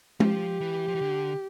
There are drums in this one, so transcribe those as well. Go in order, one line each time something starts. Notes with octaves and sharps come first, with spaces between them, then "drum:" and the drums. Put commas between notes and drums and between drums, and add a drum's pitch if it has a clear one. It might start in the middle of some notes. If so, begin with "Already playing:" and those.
F3 G4, drum: tom G#3
E3
F3
E3
D3